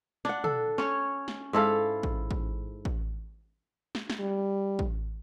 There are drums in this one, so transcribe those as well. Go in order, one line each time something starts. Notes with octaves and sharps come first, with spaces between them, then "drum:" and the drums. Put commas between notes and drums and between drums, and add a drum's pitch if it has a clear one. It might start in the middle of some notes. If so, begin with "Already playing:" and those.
D4 F#5, drum: snare
A4, drum: tom
C#4 C#5, drum: snare
drum: snare
G#2 E4 A4 F5
drum: kick A1
drum: kick A1
drum: kick A1
drum: snare
drum: snare
G3
drum: kick A1